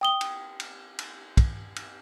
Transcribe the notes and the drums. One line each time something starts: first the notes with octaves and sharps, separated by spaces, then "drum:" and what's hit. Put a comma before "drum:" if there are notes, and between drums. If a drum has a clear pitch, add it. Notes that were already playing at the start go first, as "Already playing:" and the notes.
G5 D#6 G7
drum: cymbal
drum: cymbal
drum: cymbal
drum: kick, cymbal
drum: cymbal